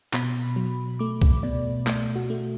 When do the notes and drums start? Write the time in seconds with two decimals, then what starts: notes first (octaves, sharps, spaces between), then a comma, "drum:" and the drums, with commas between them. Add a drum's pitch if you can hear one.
0.13 B2 B5, drum: clap
0.56 F#3
0.99 A3 D6
1.22 drum: kick
1.43 B2 D5
1.87 A3, drum: clap
2.16 F#4
2.30 A3